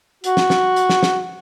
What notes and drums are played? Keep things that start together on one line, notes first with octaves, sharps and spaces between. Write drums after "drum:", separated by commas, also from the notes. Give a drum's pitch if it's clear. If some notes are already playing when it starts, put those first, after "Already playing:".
F#4, drum: hi-hat
drum: snare
drum: snare
drum: hi-hat
drum: snare
drum: snare